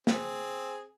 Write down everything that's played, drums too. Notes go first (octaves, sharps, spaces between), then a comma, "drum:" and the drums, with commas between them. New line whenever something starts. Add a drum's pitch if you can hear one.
C4 G#4, drum: snare